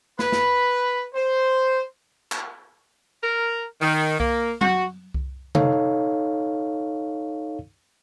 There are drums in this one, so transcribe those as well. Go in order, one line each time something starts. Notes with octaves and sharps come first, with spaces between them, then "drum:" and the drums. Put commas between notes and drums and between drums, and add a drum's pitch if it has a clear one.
B4 B5, drum: snare
drum: snare
C5
drum: clap
A#4
D#3, drum: open hi-hat
A#3, drum: kick C2
F#4, drum: tom F#3
drum: kick C2
D#4 A4 C#5 F5, drum: tom